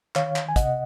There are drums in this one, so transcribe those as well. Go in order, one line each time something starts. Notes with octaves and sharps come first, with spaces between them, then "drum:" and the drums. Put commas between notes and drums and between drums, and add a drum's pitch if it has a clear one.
D#3 C#5 F5, drum: clap
drum: clap
G#5
C3 D#5 F#5, drum: kick, hi-hat